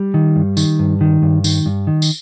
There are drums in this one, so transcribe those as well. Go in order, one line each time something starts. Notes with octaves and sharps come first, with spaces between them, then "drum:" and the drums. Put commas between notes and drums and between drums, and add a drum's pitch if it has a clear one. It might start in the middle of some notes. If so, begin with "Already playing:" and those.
Already playing: G3
D#3
G2
D#3, drum: tambourine
G2
D#3
G2
D#3, drum: tambourine
G2
D#3
drum: tambourine